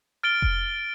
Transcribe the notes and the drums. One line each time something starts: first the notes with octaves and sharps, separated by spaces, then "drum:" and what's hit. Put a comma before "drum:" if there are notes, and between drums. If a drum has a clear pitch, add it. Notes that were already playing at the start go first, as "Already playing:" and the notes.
F6 A6 D7 G7
drum: kick F1